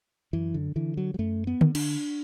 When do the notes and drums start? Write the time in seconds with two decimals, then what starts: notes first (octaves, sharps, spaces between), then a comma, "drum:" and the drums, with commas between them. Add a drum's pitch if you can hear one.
0.33 F#2 E3
0.54 D3
0.76 D3 E3
0.97 F#3
1.14 F#3
1.19 F#2 A3
1.47 B3
1.61 D3, drum: tom D3
1.75 D4, drum: cymbal